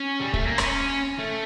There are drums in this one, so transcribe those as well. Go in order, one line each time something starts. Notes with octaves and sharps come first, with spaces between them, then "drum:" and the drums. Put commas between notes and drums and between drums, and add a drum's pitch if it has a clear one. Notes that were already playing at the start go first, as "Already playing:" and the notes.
Already playing: C#4
G3
A3, drum: kick
A#3
C#4, drum: rim click
A3